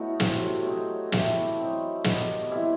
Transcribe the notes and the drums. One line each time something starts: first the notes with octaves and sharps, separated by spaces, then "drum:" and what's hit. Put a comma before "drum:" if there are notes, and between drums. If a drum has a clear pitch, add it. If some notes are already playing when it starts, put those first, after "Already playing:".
Already playing: A2 A3 B3 D#4 F#4
C3 F#3 C4, drum: snare
F#3 C4 D#4
E3 A3 E4 G4, drum: snare
F#3 C4 D#4
D#3 G3 B3, drum: snare
E3 G3 C4 E4